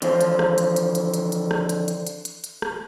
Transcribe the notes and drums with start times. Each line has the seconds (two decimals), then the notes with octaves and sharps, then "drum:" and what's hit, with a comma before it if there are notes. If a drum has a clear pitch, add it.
0.02 D3 E3 F3 C5, drum: hi-hat
0.21 drum: hi-hat
0.39 drum: rim click
0.58 drum: hi-hat
0.76 drum: hi-hat
0.95 drum: hi-hat
1.14 drum: hi-hat
1.32 drum: hi-hat
1.51 drum: rim click
1.69 drum: hi-hat
1.88 drum: hi-hat
2.07 drum: hi-hat
2.25 drum: hi-hat
2.44 drum: hi-hat
2.62 drum: rim click